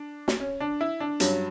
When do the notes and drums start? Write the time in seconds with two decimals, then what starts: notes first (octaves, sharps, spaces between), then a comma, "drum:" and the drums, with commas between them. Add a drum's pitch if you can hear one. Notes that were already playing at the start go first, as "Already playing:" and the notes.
Already playing: D4
0.28 drum: snare
0.40 C#4
0.60 D4
0.81 E4
1.00 D4
1.20 G2 F#3 C#4, drum: hi-hat